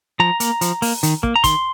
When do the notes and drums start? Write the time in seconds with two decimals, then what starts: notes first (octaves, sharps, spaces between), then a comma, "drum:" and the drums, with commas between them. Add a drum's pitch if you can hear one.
0.20 F3 A#5
0.40 A#3, drum: hi-hat
0.61 F3, drum: hi-hat
0.82 A#3, drum: open hi-hat
1.03 D#3, drum: hi-hat
1.23 A#3, drum: kick
1.36 A#5
1.44 D#3 C6, drum: kick, hi-hat